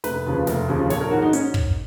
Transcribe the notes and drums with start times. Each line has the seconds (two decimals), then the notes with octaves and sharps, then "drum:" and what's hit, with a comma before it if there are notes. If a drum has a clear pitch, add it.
0.04 F1 B4, drum: snare
0.26 D#2 C#3 F3
0.47 F1, drum: snare
0.69 D#2 C#3 F3
0.90 A#1 C#5, drum: snare
1.01 A#4
1.11 G#2 D#3 F#4
1.22 D#4
1.33 C#4, drum: hi-hat
1.54 drum: kick